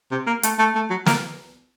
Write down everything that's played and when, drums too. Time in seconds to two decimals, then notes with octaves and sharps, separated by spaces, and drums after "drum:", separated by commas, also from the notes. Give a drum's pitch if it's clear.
0.11 C3
0.27 A#3
0.43 A3, drum: hi-hat
0.59 A3
0.75 A3
0.90 F#3
1.06 A#3, drum: snare